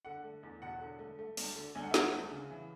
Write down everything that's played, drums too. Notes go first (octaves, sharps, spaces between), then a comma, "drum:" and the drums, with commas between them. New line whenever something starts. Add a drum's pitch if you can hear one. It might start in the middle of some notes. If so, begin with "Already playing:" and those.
D3 F#5
A3
E2
E1 F#5
D3
A3
A3
D2, drum: open hi-hat
D3
D2 G#5
F#5
E5
A3 F#5, drum: snare
D2
C#3
E3